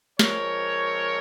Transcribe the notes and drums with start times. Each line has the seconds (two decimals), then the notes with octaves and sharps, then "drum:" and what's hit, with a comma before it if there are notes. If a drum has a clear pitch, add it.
0.19 A#2 F3 G#3 C4 A#4 C#5, drum: snare